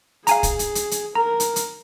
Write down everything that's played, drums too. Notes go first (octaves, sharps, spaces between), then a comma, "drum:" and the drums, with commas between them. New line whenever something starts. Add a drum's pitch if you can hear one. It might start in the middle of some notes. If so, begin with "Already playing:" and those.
G#4 F5 G#5 A#5, drum: hi-hat
drum: kick, hi-hat
drum: hi-hat
drum: hi-hat
drum: hi-hat
A#4 A#5
drum: hi-hat
drum: hi-hat